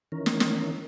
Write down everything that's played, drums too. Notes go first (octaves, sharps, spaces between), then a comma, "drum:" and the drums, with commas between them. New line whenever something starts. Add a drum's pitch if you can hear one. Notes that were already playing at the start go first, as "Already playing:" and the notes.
D#3 E3 C#4 A#4
drum: snare
drum: snare